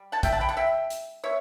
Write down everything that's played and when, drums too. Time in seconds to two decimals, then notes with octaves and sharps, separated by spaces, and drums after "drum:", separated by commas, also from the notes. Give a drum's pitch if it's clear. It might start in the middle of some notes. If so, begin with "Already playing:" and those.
Already playing: G3
0.12 F#5 A5
0.23 E5 G5, drum: kick, hi-hat
0.32 F#5 A5
0.40 G5 B5
0.49 F#5 A5
0.57 E5 G5
0.90 drum: hi-hat
1.24 B2 C#5 E5